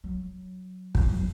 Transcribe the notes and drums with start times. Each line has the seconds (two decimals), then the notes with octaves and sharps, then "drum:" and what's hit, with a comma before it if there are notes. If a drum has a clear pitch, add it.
0.04 F#3
0.95 drum: kick
1.09 F2 F#3